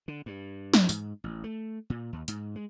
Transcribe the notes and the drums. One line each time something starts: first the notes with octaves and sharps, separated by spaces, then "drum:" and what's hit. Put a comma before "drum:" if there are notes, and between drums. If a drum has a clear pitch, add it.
D3
G2
drum: snare
G#2, drum: tambourine
A1
A3
A#2
D#2
G#2, drum: hi-hat
G#3